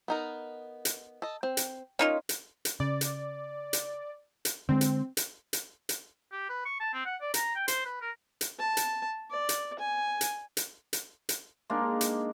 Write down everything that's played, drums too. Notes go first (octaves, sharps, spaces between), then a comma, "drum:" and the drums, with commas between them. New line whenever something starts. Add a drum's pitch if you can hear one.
B3 D#4 A#4
drum: hi-hat
A4 D#5
C4
drum: hi-hat
A#3 C#4 D#4 F4
drum: hi-hat
drum: hi-hat
C#3 D5
drum: hi-hat
drum: hi-hat
drum: hi-hat
D3 G#3 C4
drum: hi-hat
drum: hi-hat
drum: hi-hat
drum: hi-hat
G4
B4
C#6
A5
C4
F#5
D5
A#5, drum: hi-hat
G5
C5, drum: hi-hat
B4
A#4
drum: hi-hat
A5
drum: hi-hat
D5
drum: hi-hat
G#5
drum: hi-hat
drum: hi-hat
drum: hi-hat
drum: hi-hat
G#3 A#3 D4 D#4
drum: hi-hat